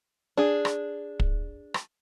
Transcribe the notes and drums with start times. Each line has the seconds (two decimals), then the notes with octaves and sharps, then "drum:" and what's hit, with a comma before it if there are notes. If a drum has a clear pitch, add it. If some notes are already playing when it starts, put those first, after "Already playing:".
0.37 D4 G#4
0.65 drum: rim click
1.20 drum: kick
1.74 drum: rim click